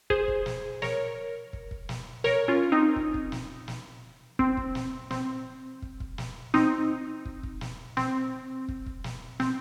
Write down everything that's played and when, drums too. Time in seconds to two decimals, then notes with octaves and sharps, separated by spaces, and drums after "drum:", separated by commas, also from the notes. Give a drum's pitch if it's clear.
0.10 G#4 C5, drum: kick
0.28 drum: kick
0.46 drum: snare
0.82 A#4 C#5, drum: snare
1.53 drum: kick
1.71 drum: kick
1.89 drum: snare
2.24 A#4 C#5, drum: snare
2.48 C#4 F4
2.72 C4 D#4
2.96 drum: kick
3.14 drum: kick
3.32 drum: snare
3.68 drum: snare
4.39 C4, drum: kick
4.57 drum: kick
4.75 drum: snare
5.11 C4, drum: snare
5.82 drum: kick
6.00 drum: kick
6.18 drum: snare
6.54 C4 D#4, drum: snare
7.25 drum: kick
7.43 drum: kick
7.61 drum: snare
7.97 C4, drum: snare
8.68 drum: kick
8.86 drum: kick
9.04 drum: snare
9.40 C4, drum: snare